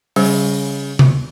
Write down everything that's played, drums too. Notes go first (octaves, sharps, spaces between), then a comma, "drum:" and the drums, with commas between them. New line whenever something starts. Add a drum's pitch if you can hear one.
C#3 G3 C5, drum: open hi-hat
drum: tom C3